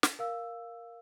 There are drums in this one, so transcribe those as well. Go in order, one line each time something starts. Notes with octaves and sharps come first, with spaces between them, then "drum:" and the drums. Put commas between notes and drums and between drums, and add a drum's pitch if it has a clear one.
drum: snare
A#4 F5 E6